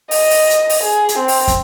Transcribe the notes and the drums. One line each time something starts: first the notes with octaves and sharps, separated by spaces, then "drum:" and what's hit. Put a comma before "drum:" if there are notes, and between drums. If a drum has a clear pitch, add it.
D#5, drum: open hi-hat
drum: open hi-hat
drum: hi-hat
drum: open hi-hat
G#4
drum: hi-hat
C4
drum: open hi-hat
drum: kick, hi-hat